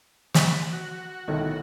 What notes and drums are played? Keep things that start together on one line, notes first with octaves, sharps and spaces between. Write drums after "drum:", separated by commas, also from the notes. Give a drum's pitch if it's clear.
drum: snare
F#4
B1 A2 D#3